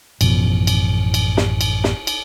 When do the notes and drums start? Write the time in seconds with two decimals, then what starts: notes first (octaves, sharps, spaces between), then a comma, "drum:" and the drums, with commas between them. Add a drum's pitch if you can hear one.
0.21 A1 F#2 B2 F3, drum: cymbal
0.67 drum: cymbal
1.14 drum: cymbal
1.37 drum: snare
1.61 drum: cymbal
1.84 drum: snare
2.07 drum: cymbal